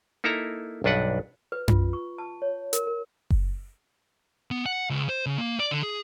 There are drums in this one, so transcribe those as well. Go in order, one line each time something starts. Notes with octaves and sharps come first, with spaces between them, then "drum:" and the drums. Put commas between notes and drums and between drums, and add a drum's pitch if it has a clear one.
A#3 D#4 E4 A4 E5 A#5
B1 G2 D4 B4 F#5
B4
F4, drum: tom F#2
C#6
A5
C#5
A#4, drum: hi-hat
A#4
drum: kick F#1
B3
F#5
C#2
C5
C#3
A#3
D5
D3
G#4